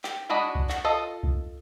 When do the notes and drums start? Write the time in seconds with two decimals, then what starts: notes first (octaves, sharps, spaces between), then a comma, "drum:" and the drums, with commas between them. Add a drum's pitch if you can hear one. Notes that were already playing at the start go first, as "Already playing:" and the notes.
0.04 G4, drum: clap
0.29 G#3 D4 F#4 D#5 B5
0.55 drum: kick C2
0.69 F#4, drum: clap
0.84 F4 A4 D#5
1.23 drum: kick C2